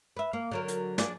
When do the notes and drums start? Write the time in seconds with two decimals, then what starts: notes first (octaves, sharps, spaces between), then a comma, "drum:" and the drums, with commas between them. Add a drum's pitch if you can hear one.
0.16 B4 E5
0.33 A#3
0.51 D3 F#3 A#4
0.68 drum: hi-hat
0.98 D4 G#4 D5, drum: snare